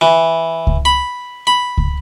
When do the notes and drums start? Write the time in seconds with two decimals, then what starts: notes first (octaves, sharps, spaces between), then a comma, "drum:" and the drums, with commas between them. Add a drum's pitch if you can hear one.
0.01 E3
0.67 drum: kick C#2
0.85 B5
1.47 B5
1.78 drum: kick C#2